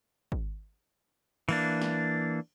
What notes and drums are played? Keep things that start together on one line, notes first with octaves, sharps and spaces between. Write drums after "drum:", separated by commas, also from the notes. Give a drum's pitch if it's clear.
drum: kick G#1
E3 A#3 D4, drum: cymbal
drum: snare